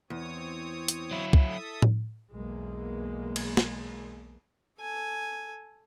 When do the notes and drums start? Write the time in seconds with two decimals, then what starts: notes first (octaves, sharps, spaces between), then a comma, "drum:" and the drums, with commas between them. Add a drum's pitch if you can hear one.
0.10 E2 C4 C#5 D#6
0.88 drum: hi-hat
1.11 F#3 E4
1.33 drum: kick C2
1.46 A4 E5 D#6
1.82 drum: tom A2
2.32 B1 E2 G#3 A#3
3.36 drum: cymbal
3.57 drum: snare
4.79 A4 G#5